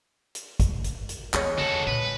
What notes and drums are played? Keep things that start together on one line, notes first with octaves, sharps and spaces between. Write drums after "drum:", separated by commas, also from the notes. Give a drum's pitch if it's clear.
drum: hi-hat
drum: kick, hi-hat
drum: hi-hat
drum: hi-hat
E2 G#3 C#5, drum: clap
F#4 A4, drum: tom D3
A#2 B4